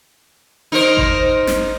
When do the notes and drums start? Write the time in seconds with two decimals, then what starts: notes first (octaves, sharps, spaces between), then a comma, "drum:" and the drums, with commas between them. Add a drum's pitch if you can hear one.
0.72 D#4 A#4 C5
0.97 drum: kick G#1
1.47 drum: snare